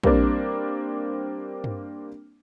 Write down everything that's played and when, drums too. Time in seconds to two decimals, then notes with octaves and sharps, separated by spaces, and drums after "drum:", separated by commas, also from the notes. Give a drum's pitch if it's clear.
0.03 G3 A#3 C4 D4, drum: kick A#1
1.64 drum: tom G2